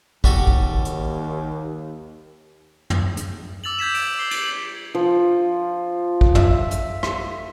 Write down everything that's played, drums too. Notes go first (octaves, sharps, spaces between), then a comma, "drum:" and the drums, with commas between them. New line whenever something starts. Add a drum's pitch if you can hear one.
D#2 G3 F#4 A4, drum: kick
drum: kick
drum: hi-hat
drum: tom
drum: hi-hat
D6 E6 A6 F7 F#7
G6 G#6 B6 E7
D7, drum: open hi-hat
D6 C7 G7
A6 F#7, drum: cymbal
F3
drum: kick
E5, drum: tom
drum: hi-hat
drum: rim click